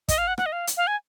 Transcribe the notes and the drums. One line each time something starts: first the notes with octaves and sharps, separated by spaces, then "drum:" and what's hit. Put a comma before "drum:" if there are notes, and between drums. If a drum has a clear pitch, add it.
D#5, drum: kick, hi-hat
F5
F#5
F#5, drum: rim click
D#5
F5
drum: hi-hat
F5
G#5